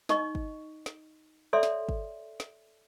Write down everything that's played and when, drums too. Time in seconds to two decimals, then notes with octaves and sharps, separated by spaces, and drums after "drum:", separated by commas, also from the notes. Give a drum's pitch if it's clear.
0.09 D#4 D#5 C#6, drum: snare
0.35 drum: kick G1
0.86 drum: snare
1.53 A4 C#5 D5 E5 C6
1.63 drum: snare
1.89 drum: kick G1
2.40 drum: snare